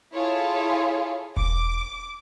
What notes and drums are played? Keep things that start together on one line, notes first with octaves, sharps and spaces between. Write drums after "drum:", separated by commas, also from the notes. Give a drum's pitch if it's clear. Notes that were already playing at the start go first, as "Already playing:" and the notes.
E4 F4 G#4 A4 C#5 E5
D6, drum: kick E1